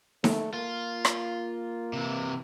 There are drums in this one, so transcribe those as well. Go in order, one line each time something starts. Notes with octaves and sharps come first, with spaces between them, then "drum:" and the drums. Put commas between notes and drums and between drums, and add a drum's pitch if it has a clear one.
A3, drum: snare D#4
A#3 F4
drum: rim click
C3 E3